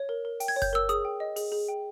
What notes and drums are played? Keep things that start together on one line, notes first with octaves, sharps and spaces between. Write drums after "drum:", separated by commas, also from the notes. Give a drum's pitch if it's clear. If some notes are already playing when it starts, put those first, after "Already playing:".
Already playing: C#5
A#4
A#4
G5, drum: open hi-hat
G#6
C#5
G6, drum: kick F#1, hi-hat
A#4 E6
G#4 D#6, drum: hi-hat
G5
D#5
G#4, drum: open hi-hat
G#4
G5